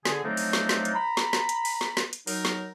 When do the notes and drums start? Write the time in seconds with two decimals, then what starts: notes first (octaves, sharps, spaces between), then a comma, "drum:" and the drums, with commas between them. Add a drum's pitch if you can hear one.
0.05 D3 G#4, drum: snare
0.25 F3 F#3 A3 C4 D4 D#4
0.37 drum: open hi-hat
0.53 drum: snare
0.69 drum: snare
0.85 drum: hi-hat
0.95 A#5 B5
1.17 drum: snare
1.33 drum: snare
1.49 drum: hi-hat
1.65 drum: open hi-hat
1.81 drum: snare
1.97 drum: snare
2.13 drum: hi-hat
2.27 F#3 D#4 A#4, drum: open hi-hat
2.45 drum: snare